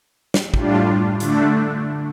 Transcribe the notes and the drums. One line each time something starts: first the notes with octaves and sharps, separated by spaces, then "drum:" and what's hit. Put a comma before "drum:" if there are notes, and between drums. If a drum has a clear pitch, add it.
drum: snare
A2 G3 D4 F4, drum: kick
D3 A3 D4, drum: hi-hat